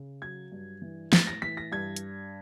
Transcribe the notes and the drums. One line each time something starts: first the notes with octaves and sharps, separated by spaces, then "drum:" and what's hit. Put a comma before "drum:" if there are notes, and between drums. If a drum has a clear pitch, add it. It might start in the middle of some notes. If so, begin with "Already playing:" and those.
Already playing: C#3
F#3 G#6
G2
E3
A2 A6, drum: snare
A#6
E3 B6
A#6
G2 G#6
drum: hi-hat